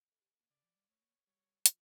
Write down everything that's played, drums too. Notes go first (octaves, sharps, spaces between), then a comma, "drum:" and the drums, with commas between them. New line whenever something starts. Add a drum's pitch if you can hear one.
A3
G3
A3
A#3
C#3 D5
F3
G3
A3 C#5
A#3
G3 C#5
F3, drum: hi-hat